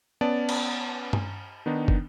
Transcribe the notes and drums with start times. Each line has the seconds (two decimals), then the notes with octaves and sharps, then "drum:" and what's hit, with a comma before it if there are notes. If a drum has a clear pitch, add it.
0.21 B3 C#4 D5 A5
0.49 drum: cymbal
1.13 drum: tom G2
1.66 D#3 B3 D4 D#4
1.88 drum: kick